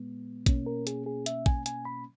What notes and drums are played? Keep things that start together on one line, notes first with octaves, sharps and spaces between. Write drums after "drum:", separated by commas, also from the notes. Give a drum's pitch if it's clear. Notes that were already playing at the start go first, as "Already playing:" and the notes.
Already playing: A#2 G#3 B3
B2 A#3 C#4, drum: kick A#1, hi-hat
A#4
G#4, drum: hi-hat
G#4
E5, drum: hi-hat
G#5, drum: kick A#1
G#5, drum: hi-hat
B5